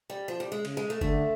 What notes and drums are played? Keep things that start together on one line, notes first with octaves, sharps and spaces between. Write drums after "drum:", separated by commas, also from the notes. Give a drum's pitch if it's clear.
G3
F3
G3
G#3
C#3, drum: cymbal
G#3
A3
D3 A3, drum: kick